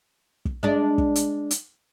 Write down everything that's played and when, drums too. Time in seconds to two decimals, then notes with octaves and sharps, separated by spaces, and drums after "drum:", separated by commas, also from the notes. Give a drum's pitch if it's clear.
0.45 drum: kick
0.63 G#3 D4
0.98 drum: kick
1.16 drum: hi-hat
1.51 drum: hi-hat